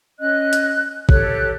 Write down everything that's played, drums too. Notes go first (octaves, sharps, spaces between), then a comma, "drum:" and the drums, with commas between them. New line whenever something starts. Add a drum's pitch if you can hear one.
C#4 D#5 F#6
drum: hi-hat
G4 A4 C#5 F#6, drum: kick